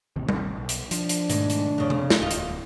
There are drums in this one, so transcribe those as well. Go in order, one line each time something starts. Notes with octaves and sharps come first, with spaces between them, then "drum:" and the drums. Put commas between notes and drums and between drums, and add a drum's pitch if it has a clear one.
A1 D#2 C3
drum: tom G3
B1
drum: hi-hat
F3 D4, drum: hi-hat
drum: hi-hat
G#2 B2 D#3 A3, drum: hi-hat
drum: hi-hat
F2 C#3
drum: tom C3
drum: snare
D1 E2 F4 D#5
drum: hi-hat